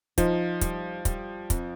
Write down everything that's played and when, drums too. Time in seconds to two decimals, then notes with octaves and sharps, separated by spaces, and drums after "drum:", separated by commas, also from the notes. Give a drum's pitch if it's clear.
0.18 F3 D#4, drum: kick, hi-hat
0.61 G3, drum: kick, hi-hat
1.05 G3, drum: kick, hi-hat
1.50 F2, drum: kick, hi-hat